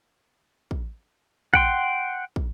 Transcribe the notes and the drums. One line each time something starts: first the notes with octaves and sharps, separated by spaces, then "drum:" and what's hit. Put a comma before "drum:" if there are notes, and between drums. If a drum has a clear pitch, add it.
drum: kick
F#5 G5 C6, drum: kick
drum: kick